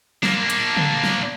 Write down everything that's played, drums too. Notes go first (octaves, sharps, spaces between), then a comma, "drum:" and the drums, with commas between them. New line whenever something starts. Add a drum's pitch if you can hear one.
A#3 D4, drum: snare
drum: hi-hat
drum: tom C#3
drum: snare